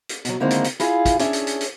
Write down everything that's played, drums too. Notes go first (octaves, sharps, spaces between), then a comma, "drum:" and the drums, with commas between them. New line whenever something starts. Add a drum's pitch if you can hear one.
drum: hi-hat
B2 F#3, drum: hi-hat
D3 D#3 G#3 A#3 C4 E4
drum: hi-hat
drum: hi-hat
E4 F4 G#4 F5, drum: hi-hat
drum: kick, hi-hat
C#4 D4 G#4 C#5 E5, drum: hi-hat
drum: hi-hat
drum: hi-hat
drum: hi-hat